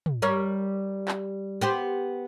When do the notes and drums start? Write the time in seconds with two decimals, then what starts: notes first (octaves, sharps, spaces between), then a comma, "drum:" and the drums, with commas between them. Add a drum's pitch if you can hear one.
0.06 drum: tom
0.22 G3 A#4 C#5
1.08 drum: clap
1.61 B3 G4 C5